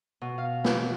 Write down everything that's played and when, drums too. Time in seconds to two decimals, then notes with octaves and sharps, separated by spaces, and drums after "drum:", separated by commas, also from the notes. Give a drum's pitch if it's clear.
0.21 B2
0.38 F5
0.65 G4, drum: snare